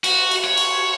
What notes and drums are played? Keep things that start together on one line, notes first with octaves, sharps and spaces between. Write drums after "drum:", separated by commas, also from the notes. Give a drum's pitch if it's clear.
F#4, drum: cymbal
drum: cymbal
C#5
drum: cymbal